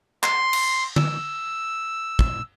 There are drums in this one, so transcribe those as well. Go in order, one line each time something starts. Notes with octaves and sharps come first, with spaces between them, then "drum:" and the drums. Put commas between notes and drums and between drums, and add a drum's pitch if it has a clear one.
C6, drum: clap
drum: cymbal
E6, drum: tom D3
drum: kick